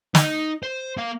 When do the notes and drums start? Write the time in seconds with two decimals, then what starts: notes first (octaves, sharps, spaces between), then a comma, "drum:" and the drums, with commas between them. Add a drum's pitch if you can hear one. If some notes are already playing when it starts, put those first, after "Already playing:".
0.15 D#4, drum: snare
0.63 C5
0.97 A#3 F5